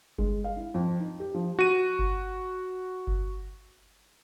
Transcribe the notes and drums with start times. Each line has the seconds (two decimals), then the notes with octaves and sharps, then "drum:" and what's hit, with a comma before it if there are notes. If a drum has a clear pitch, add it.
0.18 G#3, drum: kick G1
0.44 F5
0.57 E4
0.74 F2
1.00 D#4
1.20 G4
1.34 F3
1.59 F#4 D#7
1.99 drum: kick G1
3.07 drum: kick G1